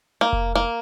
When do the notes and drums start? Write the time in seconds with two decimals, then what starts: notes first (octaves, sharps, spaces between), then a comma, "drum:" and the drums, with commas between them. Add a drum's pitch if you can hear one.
0.21 A#3
0.33 drum: kick F1
0.55 A#3